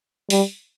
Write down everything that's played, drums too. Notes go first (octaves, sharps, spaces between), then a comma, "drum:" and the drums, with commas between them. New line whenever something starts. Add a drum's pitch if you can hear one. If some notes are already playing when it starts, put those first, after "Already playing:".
G3, drum: open hi-hat